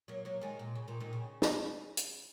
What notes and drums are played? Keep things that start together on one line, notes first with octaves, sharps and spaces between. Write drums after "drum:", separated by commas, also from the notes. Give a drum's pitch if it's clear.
F#3 A#3
F#3 A#3
D#3 G#3
A#2
C#3
A#2 D#3
A#2 D#3
C#3
drum: snare
drum: hi-hat